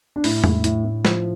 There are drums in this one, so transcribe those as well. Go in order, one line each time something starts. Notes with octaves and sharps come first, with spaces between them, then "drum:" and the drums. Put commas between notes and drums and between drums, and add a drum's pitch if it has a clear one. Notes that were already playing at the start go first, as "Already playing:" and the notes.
D4
A2 E4, drum: open hi-hat
A2, drum: tom E2
A2, drum: hi-hat
A2
F3, drum: snare